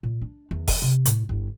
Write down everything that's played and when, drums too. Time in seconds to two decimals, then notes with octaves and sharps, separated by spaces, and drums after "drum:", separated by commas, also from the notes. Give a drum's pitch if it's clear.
0.03 A#2
0.21 D4
0.51 E2 D#3
0.68 drum: kick F1, open hi-hat
0.82 C3
1.05 A2, drum: hi-hat
1.29 G1 E4